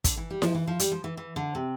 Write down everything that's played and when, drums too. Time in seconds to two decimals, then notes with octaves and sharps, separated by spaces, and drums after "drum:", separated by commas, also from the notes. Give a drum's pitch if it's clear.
0.04 D3, drum: kick, hi-hat
0.17 E3
0.30 G3
0.42 F3, drum: snare E4
0.55 E3
0.67 F3
0.79 G3, drum: hi-hat
0.92 F3
1.04 E3
1.17 E3
1.36 D3
1.55 C3